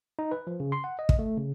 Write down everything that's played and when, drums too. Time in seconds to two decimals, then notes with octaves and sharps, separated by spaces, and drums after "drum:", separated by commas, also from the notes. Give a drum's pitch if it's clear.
0.19 D#4
0.31 B4
0.47 F3
0.60 C#3
0.72 C6
0.84 F#5
0.99 D#5
1.09 drum: kick
1.19 A3
1.37 C#3